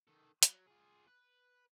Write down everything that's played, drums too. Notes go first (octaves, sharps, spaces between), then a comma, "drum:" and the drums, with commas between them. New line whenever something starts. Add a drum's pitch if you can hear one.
D#3 A4
F#3, drum: hi-hat
F4 G#4
B4